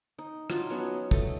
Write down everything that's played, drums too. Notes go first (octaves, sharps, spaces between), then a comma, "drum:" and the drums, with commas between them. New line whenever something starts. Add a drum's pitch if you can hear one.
D#4
F#3 D4 D#4 F4, drum: rim click
F#3 B3 C#4
A3 A4 D#5, drum: kick